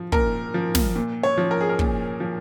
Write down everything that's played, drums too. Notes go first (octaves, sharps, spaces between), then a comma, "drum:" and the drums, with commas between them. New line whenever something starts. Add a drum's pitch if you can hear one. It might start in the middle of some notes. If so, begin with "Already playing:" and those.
Already playing: F3
A#2 A#4, drum: kick
F3
drum: snare
A#2
C#5
F3
A#4
G#4
A#4
A#2, drum: kick
F3